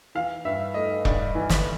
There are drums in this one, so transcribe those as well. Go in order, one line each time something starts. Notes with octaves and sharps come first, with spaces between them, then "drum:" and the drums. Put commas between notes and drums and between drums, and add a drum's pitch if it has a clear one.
E3 F5
G2 E5
A3 D#5
G2 D5, drum: kick E1
E3
drum: snare